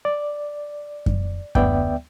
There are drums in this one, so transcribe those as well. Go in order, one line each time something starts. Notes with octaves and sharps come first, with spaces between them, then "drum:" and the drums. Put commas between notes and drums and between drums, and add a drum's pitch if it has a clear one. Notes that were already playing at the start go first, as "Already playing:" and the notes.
D5
drum: kick F#2
D2 B3 D5 E5 G5, drum: kick F#2